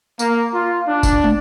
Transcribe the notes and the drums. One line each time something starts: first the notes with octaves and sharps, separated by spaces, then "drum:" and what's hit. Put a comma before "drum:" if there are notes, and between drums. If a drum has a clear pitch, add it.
A#3, drum: tambourine
F4
D4
drum: kick F#1, tambourine
drum: tom